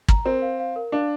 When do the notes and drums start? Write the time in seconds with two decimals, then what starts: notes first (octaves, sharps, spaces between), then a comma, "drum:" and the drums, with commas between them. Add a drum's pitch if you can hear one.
0.08 A#5, drum: kick
0.25 C4 A#4
0.42 F5
0.60 F5
0.76 A#4
0.92 D4 F5